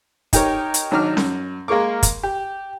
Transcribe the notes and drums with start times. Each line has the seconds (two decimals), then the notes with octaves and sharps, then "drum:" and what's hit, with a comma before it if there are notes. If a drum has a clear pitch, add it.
0.33 D#4 G4 A#4 C#5, drum: kick, hi-hat
0.74 drum: hi-hat
0.91 G#1 F#3 D4 D#4 D6 F6
1.17 F#2, drum: snare C#4
1.68 G#3 A#3 G#4 A#4 C#6 D6
2.03 drum: kick, hi-hat
2.23 G4